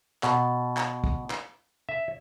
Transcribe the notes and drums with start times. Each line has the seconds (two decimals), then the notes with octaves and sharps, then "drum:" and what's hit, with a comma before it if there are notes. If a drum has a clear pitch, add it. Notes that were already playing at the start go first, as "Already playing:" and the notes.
0.23 B2, drum: clap
0.77 drum: clap
1.04 drum: kick
1.30 drum: clap
1.89 E5